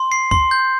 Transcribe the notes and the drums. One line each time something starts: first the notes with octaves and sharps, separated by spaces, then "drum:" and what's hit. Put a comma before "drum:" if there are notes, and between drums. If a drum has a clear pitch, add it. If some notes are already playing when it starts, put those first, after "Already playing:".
Already playing: C6
C7
C6, drum: kick C#2
G6